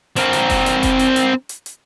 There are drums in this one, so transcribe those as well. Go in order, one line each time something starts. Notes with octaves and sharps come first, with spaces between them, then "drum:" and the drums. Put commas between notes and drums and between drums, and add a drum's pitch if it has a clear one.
C4 A#4, drum: hi-hat
drum: hi-hat
drum: kick F1, open hi-hat
drum: hi-hat
drum: kick F1, hi-hat
drum: hi-hat
drum: hi-hat
drum: hi-hat
drum: hi-hat